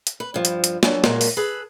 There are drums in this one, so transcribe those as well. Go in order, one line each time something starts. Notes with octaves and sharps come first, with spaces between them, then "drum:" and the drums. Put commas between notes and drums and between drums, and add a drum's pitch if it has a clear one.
drum: hi-hat
B4
G2 F3
drum: hi-hat
drum: hi-hat
F#3 D4 A4 D5 G#5, drum: snare
A#2 F#3 G#3 A#3, drum: snare
drum: open hi-hat
G#4 A4 B4